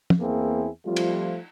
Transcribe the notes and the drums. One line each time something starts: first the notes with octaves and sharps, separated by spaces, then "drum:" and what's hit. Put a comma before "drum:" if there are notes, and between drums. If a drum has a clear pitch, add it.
drum: tom
E2 A#3 C4 E4 G#4
F3 G3 A3 C4 F4
drum: cymbal